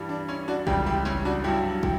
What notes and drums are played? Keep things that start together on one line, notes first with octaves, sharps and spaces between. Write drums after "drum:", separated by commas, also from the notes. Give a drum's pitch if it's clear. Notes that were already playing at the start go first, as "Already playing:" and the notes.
Already playing: G2 E3 G3
D4
C#4 E4
D4 F#4
C#2 C#3 E3 G3 E4 G4, drum: kick
E4 G4
C#4 E4, drum: snare
D4 F#4
G2 F#3 E4 G4
E4 G4, drum: kick